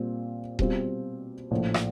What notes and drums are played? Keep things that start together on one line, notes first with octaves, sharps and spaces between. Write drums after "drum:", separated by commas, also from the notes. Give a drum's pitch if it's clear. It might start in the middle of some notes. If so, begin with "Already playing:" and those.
Already playing: A#2 G3 C4
B2 G3 C4 F4, drum: kick D#1
A#1 A2 F3 A3
drum: rim click